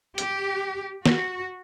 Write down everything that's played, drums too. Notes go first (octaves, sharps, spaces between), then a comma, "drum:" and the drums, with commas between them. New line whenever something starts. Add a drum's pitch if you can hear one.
G4, drum: hi-hat
F#4, drum: snare